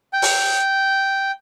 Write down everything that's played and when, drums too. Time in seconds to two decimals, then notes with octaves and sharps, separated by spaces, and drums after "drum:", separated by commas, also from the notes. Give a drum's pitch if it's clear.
0.13 G5
0.22 drum: open hi-hat